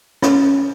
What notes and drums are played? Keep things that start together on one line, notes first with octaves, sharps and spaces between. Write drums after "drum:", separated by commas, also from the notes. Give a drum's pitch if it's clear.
C#4, drum: rim click